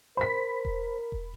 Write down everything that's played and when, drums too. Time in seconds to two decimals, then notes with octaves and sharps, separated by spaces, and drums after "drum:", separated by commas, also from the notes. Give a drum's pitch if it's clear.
0.17 A#4 C5 B5 B6
0.65 drum: kick E1
1.12 drum: kick E1